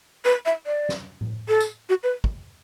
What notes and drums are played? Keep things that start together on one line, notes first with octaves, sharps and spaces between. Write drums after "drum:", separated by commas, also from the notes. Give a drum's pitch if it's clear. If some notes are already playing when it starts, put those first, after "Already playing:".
B4
E5
D5
drum: snare
drum: tom A2
A4
drum: tambourine
F#4
B4
drum: kick